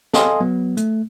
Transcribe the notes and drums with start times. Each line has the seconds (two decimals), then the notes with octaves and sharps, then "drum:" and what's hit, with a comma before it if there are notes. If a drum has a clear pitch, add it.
0.14 A4 D#5 F5 G#5 C6 D#6, drum: snare
0.40 F#3 B3
0.77 A3, drum: hi-hat